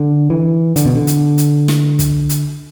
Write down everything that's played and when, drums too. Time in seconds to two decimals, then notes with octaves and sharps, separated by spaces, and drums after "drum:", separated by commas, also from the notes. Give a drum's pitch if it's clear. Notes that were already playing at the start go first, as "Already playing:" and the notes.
Already playing: D3
0.30 E3
0.76 D3, drum: hi-hat
0.86 B2
0.95 D3
1.07 drum: hi-hat
1.38 drum: hi-hat
1.68 drum: snare
1.99 drum: kick, hi-hat
2.29 drum: hi-hat